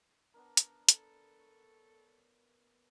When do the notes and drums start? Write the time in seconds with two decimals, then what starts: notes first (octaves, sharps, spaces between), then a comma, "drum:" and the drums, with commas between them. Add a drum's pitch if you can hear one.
0.34 B3 D4 A#4
0.57 drum: hi-hat
0.89 A4, drum: hi-hat
1.39 C#5